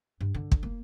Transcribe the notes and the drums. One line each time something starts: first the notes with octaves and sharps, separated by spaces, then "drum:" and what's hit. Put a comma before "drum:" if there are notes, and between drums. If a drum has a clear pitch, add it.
G2
D3
drum: kick
A#3